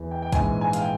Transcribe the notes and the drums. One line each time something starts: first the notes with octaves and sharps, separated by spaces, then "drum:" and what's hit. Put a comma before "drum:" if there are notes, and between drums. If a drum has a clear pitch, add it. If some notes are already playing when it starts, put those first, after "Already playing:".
Already playing: E2 E3
G5
G5
A#1 G#2 E3 G#5, drum: kick A#1, hi-hat
G#5
F5, drum: hi-hat
G5